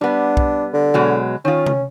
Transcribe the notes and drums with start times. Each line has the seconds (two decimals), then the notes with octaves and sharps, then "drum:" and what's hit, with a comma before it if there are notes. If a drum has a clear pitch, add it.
0.01 G3 B3 D4
0.37 drum: kick B1
0.74 D3
0.94 B2 F#3 G#3
1.45 D#3 C#4 F4
1.66 drum: tom C3